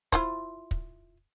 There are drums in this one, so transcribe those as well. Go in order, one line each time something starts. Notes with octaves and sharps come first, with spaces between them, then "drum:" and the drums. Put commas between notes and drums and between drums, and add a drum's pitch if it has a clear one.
E4 F4 C5, drum: kick
drum: kick